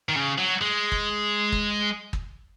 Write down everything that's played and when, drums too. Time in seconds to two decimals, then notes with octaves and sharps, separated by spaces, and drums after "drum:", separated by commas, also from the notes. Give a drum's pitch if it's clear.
0.09 D#3
0.16 C#3
0.38 F#3
0.61 G#3
0.92 drum: kick
1.52 drum: kick
2.13 drum: kick